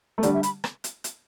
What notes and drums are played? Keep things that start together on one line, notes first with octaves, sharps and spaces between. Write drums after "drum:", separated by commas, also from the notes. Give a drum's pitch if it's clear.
A3
D3 G3 D5, drum: hi-hat
E5
B5, drum: hi-hat
drum: rim click
drum: hi-hat
drum: hi-hat